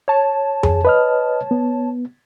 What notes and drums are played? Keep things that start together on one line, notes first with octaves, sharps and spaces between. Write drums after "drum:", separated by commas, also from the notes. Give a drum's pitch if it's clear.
C#5 A5
G#4, drum: tom F2
B4 D#5 F6
B3